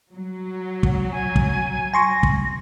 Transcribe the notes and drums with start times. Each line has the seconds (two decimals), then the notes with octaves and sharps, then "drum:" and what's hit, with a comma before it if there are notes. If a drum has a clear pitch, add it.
0.13 F#3
0.83 drum: kick
1.12 G#5
1.36 drum: kick
1.94 G#5 C6 C#6 A#6
2.23 drum: kick